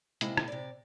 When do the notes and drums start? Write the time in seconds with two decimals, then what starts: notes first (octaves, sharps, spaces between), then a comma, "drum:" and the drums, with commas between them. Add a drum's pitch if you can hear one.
0.21 C3 G#3 A#3 E4, drum: hi-hat
0.37 drum: rim click
0.48 C3 D5